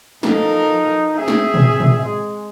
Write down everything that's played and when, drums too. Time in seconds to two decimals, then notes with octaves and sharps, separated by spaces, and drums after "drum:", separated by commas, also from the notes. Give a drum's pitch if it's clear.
0.23 F3 D#4 A4 A#4, drum: snare
1.17 C4 G#4 E5
1.28 drum: snare
1.54 drum: tom
1.80 drum: tom
2.01 G#3